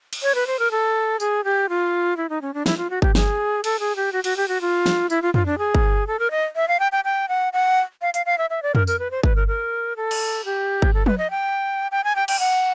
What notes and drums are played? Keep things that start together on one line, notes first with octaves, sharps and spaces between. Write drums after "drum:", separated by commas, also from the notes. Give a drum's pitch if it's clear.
drum: cymbal
C#5
B4
C5
A#4
A4
G#4, drum: tambourine
G4
F4
E4
D#4
C#4
D4
E4, drum: snare
F4
F#4
G4, drum: kick G1
G#4, drum: snare
A4, drum: cymbal
G#4
G4
F#4
F#4, drum: cymbal
G4
F#4
F4
drum: snare
E4, drum: tambourine
F4
F4, drum: tom
D4
G#4
drum: kick G1
A4
A#4
D#5
E5
F5
G5
G5
G5
F#5
F#5
F5
F5, drum: hi-hat
F5
E5
E5
D5
A#4, drum: tom
A#4, drum: tambourine
B4
C5
B4, drum: kick G1
A#4
A#4
A4
drum: cymbal
G4
drum: kick G1
A4
B4, drum: tom
D#5
G5
G5
G#5
G5
G5, drum: cymbal
F#5